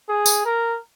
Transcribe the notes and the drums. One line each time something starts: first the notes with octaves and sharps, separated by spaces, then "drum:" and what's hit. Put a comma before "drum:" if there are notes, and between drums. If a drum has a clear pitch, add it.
G#4
drum: tambourine
A#4